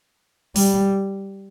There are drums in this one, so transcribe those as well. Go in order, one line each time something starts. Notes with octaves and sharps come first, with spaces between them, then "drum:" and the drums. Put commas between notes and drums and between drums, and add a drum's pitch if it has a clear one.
G3, drum: open hi-hat